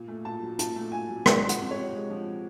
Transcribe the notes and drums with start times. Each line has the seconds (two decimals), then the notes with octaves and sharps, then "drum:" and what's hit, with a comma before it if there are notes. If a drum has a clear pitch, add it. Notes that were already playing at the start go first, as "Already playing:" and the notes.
Already playing: A#2
0.08 A3
0.25 A#2 A5
0.42 F#3
0.59 A#2 A5, drum: hi-hat
0.76 A3
0.92 A#2 G#5
1.09 F#3
1.26 G#3 G5, drum: rim click
1.43 F3
1.49 F#5, drum: hi-hat
1.60 F2
1.71 C#5
1.77 C3
1.93 G#3
2.10 F3